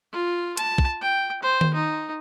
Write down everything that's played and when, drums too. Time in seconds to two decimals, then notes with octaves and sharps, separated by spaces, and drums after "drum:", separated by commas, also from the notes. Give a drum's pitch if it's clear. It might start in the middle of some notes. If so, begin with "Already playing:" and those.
0.13 F4
0.57 A5, drum: hi-hat
0.78 drum: kick
1.01 G5
1.43 C5
1.61 drum: tom D#3
1.74 D#4